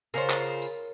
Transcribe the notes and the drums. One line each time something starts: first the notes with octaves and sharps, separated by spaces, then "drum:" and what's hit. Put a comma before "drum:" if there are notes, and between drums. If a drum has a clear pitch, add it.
C#3 F4 A#4 C5 C#5
drum: clap
drum: tambourine